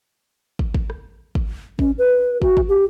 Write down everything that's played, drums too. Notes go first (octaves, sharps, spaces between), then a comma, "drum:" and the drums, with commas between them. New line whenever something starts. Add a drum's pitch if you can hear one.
drum: kick
drum: kick
drum: rim click
drum: kick
C#4, drum: kick
B4
F#4, drum: kick
drum: kick
G4